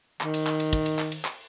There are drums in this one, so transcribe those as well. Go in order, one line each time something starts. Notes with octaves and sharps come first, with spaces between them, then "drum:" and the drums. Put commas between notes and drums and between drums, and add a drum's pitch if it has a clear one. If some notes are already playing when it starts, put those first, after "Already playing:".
D#3, drum: clap
drum: cymbal
drum: clap
drum: cymbal
drum: kick, cymbal
drum: cymbal
drum: clap
drum: cymbal
drum: clap